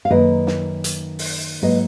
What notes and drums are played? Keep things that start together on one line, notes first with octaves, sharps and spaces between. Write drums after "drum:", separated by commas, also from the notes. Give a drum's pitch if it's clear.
F5
F#2 D#3 A#3 B4 D#5
drum: snare
drum: hi-hat
drum: open hi-hat
G#2 F#3 A#3 B4 D#5